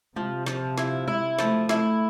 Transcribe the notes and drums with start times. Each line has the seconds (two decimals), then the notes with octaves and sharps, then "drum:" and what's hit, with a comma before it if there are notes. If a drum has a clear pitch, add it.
0.16 C3 F3, drum: tom G3
0.46 F3, drum: snare
0.78 E4, drum: snare
1.08 E4, drum: tom G3
1.39 F3 A3, drum: snare
1.69 A3 E4, drum: snare